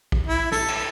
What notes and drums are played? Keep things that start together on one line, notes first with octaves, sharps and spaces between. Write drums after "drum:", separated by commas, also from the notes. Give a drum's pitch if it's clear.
drum: kick A#1
E4
A4, drum: snare
drum: cymbal